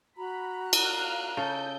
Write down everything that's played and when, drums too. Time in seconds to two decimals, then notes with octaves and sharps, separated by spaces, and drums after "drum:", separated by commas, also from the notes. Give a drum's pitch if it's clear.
0.18 F#4 A#5 B5
0.73 F5 F6 F#6, drum: cymbal
1.37 C#3 A4 G6